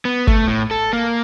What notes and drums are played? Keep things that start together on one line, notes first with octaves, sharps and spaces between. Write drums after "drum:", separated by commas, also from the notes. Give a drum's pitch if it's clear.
B3
A3, drum: kick G1
A2
A4
A#3